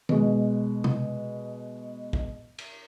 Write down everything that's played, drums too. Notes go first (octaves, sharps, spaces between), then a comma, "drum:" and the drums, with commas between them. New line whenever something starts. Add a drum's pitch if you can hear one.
B2 G#3, drum: tom D#3
drum: tom C3
drum: kick
drum: cymbal